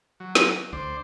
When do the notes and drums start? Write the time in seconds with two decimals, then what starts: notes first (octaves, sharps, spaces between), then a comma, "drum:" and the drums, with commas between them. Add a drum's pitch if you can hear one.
0.20 F#3
0.35 drum: snare
0.73 D2 C5 D5